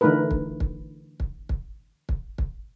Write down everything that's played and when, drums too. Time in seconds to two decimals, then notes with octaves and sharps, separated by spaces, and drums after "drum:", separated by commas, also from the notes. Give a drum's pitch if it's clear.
0.01 D3 E3 A3 D#4 A#4 B4
0.31 drum: kick
0.60 drum: kick
1.20 drum: kick
1.49 drum: kick
2.09 drum: kick
2.38 drum: kick